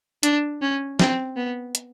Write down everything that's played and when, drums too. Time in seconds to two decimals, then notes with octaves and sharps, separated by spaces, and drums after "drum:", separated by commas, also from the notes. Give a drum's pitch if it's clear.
0.23 D4, drum: hi-hat
0.62 C#4
0.99 C4, drum: snare
1.37 B3
1.75 drum: hi-hat